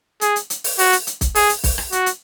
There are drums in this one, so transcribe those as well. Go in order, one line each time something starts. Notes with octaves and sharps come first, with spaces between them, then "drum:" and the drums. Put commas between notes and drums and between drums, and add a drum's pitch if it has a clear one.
G#4, drum: hi-hat
drum: hi-hat
drum: hi-hat
drum: open hi-hat
F#4, drum: open hi-hat
drum: hi-hat
drum: hi-hat
drum: kick, hi-hat
G#4, drum: open hi-hat
drum: hi-hat
drum: kick, open hi-hat
drum: rim click
F#4, drum: hi-hat
drum: hi-hat